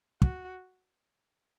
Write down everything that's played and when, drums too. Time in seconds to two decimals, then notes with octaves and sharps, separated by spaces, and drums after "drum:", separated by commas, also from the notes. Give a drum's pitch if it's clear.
0.22 F#4, drum: kick